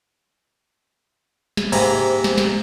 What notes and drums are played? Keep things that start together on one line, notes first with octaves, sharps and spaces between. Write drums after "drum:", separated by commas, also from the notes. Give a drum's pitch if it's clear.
drum: snare
G#2 C3 A#3 G#5 A#5 B5, drum: cymbal
drum: snare
drum: snare